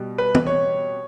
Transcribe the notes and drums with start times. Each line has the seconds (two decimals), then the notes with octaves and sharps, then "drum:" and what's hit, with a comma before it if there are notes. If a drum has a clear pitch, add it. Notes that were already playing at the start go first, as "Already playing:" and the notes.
Already playing: B2 G3
0.18 B4
0.35 drum: tom
0.47 C#5